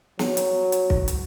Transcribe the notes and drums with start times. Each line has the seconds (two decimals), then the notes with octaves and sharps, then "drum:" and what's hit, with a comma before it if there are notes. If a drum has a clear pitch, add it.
0.19 F#3, drum: snare
0.37 drum: hi-hat
0.72 drum: hi-hat
0.90 drum: kick
1.08 drum: hi-hat